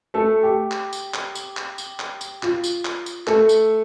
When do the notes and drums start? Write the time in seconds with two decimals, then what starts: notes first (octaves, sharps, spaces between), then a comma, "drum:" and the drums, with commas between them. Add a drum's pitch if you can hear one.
0.14 A3 A4
0.43 G4
0.71 drum: clap
0.93 drum: tambourine
1.14 drum: clap
1.35 drum: tambourine
1.57 drum: clap
1.78 drum: tambourine
1.99 drum: clap
2.21 drum: tambourine
2.43 F4, drum: clap
2.64 drum: tambourine
2.85 drum: clap
3.06 drum: tambourine
3.27 A3 A4, drum: clap
3.49 drum: tambourine